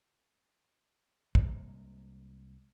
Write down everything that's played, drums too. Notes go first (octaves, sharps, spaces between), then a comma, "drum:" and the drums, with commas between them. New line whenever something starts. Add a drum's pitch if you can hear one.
C2 G#3 A#3, drum: kick